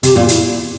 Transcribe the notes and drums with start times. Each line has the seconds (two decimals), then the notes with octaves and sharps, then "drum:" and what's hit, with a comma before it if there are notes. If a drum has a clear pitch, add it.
0.03 C3 G4, drum: hi-hat
0.15 A#2 F4
0.28 E4, drum: hi-hat